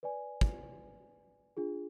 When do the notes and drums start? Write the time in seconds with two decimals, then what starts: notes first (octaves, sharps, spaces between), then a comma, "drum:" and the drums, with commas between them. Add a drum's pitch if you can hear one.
0.03 B4 D5 G#5
0.41 drum: kick
1.57 D4 F4 G#4